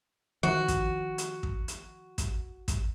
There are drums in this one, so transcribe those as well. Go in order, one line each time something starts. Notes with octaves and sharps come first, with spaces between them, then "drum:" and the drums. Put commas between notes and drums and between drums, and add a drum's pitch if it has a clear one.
D#3 F3 F#4
drum: kick, hi-hat
drum: hi-hat
drum: kick
drum: hi-hat
drum: kick, hi-hat
drum: kick, hi-hat